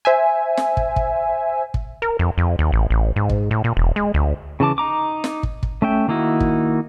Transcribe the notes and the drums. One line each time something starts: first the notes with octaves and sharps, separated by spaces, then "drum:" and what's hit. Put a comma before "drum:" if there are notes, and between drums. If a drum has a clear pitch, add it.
C5 E5 G#5
drum: snare
drum: kick
drum: kick
drum: kick
A#4
F2
F2
D#2
A1
A1
G#2
drum: kick
A2
A#2
E1
G#3
D2
C#3 E3 A5 D6
D#4 A#5 D6
drum: snare
drum: kick
drum: kick
A3 C#4 E5 G5
D#3 A#3 D#4 E4 F#4
drum: kick